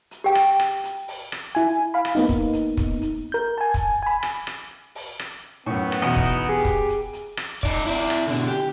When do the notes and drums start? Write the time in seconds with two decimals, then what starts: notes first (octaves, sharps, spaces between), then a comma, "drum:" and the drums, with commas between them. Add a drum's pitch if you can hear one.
0.11 drum: hi-hat
0.24 G4 G5
0.35 drum: rim click
0.60 drum: rim click
0.84 drum: hi-hat
1.08 drum: open hi-hat
1.32 drum: rim click
1.55 E4 G#5, drum: hi-hat
1.94 F5 B5
2.05 drum: rim click
2.15 A#3 B3 D#4
2.29 drum: kick, hi-hat
2.53 drum: hi-hat
2.77 drum: kick, hi-hat
3.02 drum: hi-hat
3.32 A#4 G6
3.58 G#5 A5
3.74 drum: kick, hi-hat
4.03 G#5 B5
4.23 drum: rim click
4.47 drum: rim click
4.95 drum: open hi-hat
5.19 drum: rim click
5.66 F#2 A2 B3
5.92 drum: rim click
6.02 E2 B2 D#4 E4 D#5
6.16 drum: kick, hi-hat
6.49 G4 G#4
6.65 drum: kick, hi-hat
6.89 drum: hi-hat
7.13 drum: hi-hat
7.37 drum: rim click
7.63 D#4 D5, drum: kick, hi-hat
7.86 E4 D5, drum: hi-hat
8.10 drum: rim click
8.27 B2 D3
8.48 G4